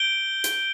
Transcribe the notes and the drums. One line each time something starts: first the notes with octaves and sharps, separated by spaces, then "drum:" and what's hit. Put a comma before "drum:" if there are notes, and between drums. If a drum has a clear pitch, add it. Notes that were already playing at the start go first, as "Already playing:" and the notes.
Already playing: G6 D7 G7
drum: hi-hat